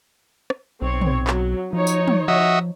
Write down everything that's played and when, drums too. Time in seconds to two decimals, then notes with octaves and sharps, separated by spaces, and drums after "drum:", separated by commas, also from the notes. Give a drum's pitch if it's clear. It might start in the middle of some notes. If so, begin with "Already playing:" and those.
0.50 drum: rim click
0.82 B1 C4 C#5
1.01 drum: tom
1.27 F#3, drum: clap
1.73 F3 D#4 C#5
1.87 drum: tambourine
2.08 drum: tom
2.28 F3 F#4 D#5 E5